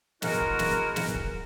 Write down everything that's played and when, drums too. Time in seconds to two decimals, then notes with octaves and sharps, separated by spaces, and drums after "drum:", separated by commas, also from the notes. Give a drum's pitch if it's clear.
0.22 G#3 E4 F#4 A#4, drum: snare
0.40 drum: kick
0.59 drum: snare
0.96 drum: snare
1.15 drum: kick